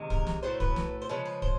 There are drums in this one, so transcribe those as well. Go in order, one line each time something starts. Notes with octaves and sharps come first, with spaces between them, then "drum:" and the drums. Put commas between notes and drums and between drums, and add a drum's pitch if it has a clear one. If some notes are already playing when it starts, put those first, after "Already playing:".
Already playing: C3 D#3 G#3
A#4, drum: kick
drum: snare
A2 F#3 A3 C5
B4, drum: kick
drum: snare
C5
C#3 F3 G#3 B4
B4
C5, drum: kick